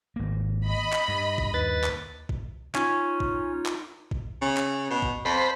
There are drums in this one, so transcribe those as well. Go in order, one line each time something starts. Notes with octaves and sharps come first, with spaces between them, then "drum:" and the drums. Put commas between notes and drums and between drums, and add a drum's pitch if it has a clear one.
G#1 A#3
D#5 B5
drum: clap
G2
drum: kick A1
D#2 B4 A6
drum: clap
drum: kick A1
C#4 D#4 F4, drum: clap
drum: kick A1
drum: clap
drum: kick A1
C#3
drum: clap
B2
drum: kick A1
F2 C5 B5